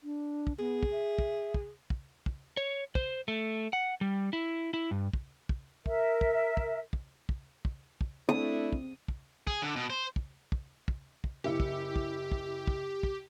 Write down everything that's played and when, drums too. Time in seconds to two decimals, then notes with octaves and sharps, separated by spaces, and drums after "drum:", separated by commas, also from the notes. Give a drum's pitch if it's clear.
0.03 D4
0.47 drum: kick
0.59 B3 G#4
0.83 drum: kick
0.92 E5
1.19 drum: kick
1.54 drum: kick
1.90 drum: kick
2.26 drum: kick
2.57 C#5
2.95 C5, drum: kick
3.28 A3
3.73 F#5
4.01 G3
4.33 E4
4.74 E4
4.91 G2
5.13 drum: kick
5.49 drum: kick
5.86 A#4 E5, drum: kick
6.21 drum: kick
6.57 drum: kick
6.93 drum: kick
7.29 drum: kick
7.65 drum: kick
8.01 drum: kick
8.29 A3 C4 D4 E4 D#6
8.72 drum: kick
9.08 drum: kick
9.47 G#4, drum: kick
9.62 D3
9.76 B2
9.90 C5
10.16 drum: kick
10.52 drum: kick
10.88 drum: kick
11.24 drum: kick
11.44 F#1 E4 G4 C#7
11.60 drum: kick
11.96 drum: kick
12.32 drum: kick
12.67 drum: kick
13.03 drum: kick